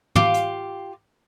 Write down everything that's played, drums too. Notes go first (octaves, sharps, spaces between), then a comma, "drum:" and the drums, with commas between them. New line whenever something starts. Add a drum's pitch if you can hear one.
F4 G4 F5 D6, drum: tom
drum: hi-hat